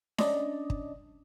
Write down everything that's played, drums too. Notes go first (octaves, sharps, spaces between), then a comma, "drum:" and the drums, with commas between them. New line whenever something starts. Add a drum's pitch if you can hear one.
C#4 D4 D5 D#5, drum: snare D4
drum: kick